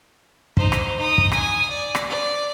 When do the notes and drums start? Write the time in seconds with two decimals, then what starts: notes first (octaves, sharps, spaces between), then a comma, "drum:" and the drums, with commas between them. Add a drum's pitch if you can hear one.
0.57 D#4 C5, drum: kick
0.72 drum: rim click
0.98 D#4 D#6
1.18 drum: kick
1.32 G#5 D#6, drum: rim click
1.70 D5
1.95 drum: rim click
2.10 D5